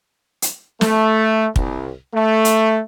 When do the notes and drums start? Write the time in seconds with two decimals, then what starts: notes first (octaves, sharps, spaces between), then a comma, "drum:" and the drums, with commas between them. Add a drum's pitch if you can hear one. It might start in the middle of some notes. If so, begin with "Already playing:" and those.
0.42 drum: hi-hat
0.81 A3, drum: snare
1.56 C2, drum: kick
2.14 A3
2.45 drum: hi-hat